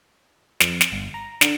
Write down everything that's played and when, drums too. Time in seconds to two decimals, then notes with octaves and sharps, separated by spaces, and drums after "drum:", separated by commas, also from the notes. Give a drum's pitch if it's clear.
0.60 F2, drum: snare
0.81 drum: snare
0.92 G1
1.14 A#5
1.41 D3, drum: snare